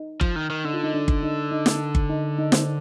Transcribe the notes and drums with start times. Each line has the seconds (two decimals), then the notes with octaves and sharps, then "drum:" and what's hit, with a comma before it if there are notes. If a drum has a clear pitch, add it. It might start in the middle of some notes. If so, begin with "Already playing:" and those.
Already playing: D#4
0.21 F3, drum: kick G1
0.36 D#3
0.50 D#3
0.65 D3 D#4
0.74 F4
0.84 D#4
0.94 D4
1.08 drum: kick G1
1.23 D#4
1.52 D#4
1.66 drum: snare
1.95 drum: kick G1
2.10 D#4
2.38 D#4
2.52 C5, drum: snare